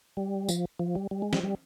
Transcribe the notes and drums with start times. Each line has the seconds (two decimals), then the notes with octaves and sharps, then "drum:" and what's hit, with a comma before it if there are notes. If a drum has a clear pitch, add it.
0.17 G3
0.49 F3, drum: tambourine
0.79 F3
0.95 G3
1.11 G3
1.22 G#3
1.33 G3, drum: snare
1.43 G3